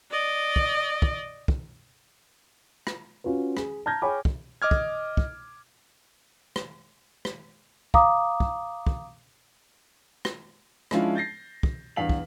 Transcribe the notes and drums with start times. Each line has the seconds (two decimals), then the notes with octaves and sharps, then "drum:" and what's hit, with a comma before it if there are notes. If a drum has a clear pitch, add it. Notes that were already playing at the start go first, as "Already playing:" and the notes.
0.11 D5 D#5
0.56 drum: kick
1.02 drum: kick
1.48 drum: kick
2.87 drum: rim click
3.24 C#4 F4 F#4 B4
3.57 G#4, drum: rim click
3.86 A5 A#5 F6 G6 G#6 A#6
4.02 G#4 C#5 G5 G#5 B5 D6
4.25 drum: kick
4.62 D#5 D6 F6 G#6
4.71 drum: kick
5.17 drum: kick
6.56 drum: rim click
7.25 drum: rim click
7.94 F5 A#5 D6 D#6, drum: kick
8.40 drum: kick
8.87 drum: kick
10.25 drum: rim click
10.91 F3 G#3 C#4 D4 E4 F4, drum: rim click
11.15 G6 A6 A#6 C7
11.63 drum: kick
11.96 E2 G2 F5 B6 F#7
12.09 drum: kick